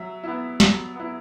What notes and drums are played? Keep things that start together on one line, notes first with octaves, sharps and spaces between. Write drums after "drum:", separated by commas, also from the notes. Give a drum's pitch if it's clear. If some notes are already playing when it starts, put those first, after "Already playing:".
Already playing: F#3 E5
B3 E4
F#3, drum: snare
B3 E4